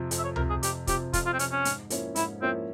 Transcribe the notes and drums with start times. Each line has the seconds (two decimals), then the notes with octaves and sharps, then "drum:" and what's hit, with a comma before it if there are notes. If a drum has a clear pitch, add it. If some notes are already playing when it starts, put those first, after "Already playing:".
Already playing: F2 C3 F3
0.11 F2, drum: hi-hat
0.19 E5
0.24 C#5
0.36 C3 F3 A#4, drum: tom C#2
0.50 G#4
0.63 F2 G4, drum: hi-hat
0.87 C3 F3 G4, drum: kick, hi-hat
1.13 F2 F4, drum: kick, hi-hat
1.26 F4
1.33 C4
1.39 C3 F3 C#4, drum: hi-hat
1.52 C#4
1.65 G#2, drum: hi-hat
1.90 F3 A#3 C#4 E4, drum: hi-hat
2.16 G#2 E4, drum: hi-hat
2.42 F3 A#3 C4 C#4 E4